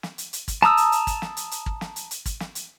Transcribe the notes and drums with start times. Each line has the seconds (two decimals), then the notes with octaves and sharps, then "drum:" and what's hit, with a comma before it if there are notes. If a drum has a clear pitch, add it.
0.03 drum: snare
0.18 drum: hi-hat
0.33 drum: hi-hat
0.48 drum: kick, hi-hat
0.62 A5 A#5 D#6 E6, drum: snare
0.77 drum: hi-hat
0.92 drum: hi-hat
1.07 drum: kick, hi-hat
1.22 drum: snare
1.37 drum: hi-hat
1.51 drum: hi-hat
1.66 drum: kick
1.81 drum: snare
1.96 drum: hi-hat
2.11 drum: hi-hat
2.26 drum: kick, hi-hat
2.40 drum: snare
2.55 drum: hi-hat